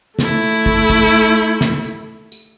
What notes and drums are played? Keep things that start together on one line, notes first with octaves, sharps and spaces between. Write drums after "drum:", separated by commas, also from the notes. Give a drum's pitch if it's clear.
A3 E4, drum: snare
drum: tambourine
drum: kick
drum: kick, tambourine
drum: tambourine
drum: snare
drum: tambourine
drum: tambourine